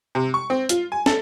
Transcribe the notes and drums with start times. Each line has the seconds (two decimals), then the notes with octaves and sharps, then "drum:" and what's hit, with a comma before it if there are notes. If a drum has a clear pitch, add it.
0.15 C3
0.34 C#6
0.50 C4
0.69 F4, drum: hi-hat
0.92 G#5
1.06 A4, drum: snare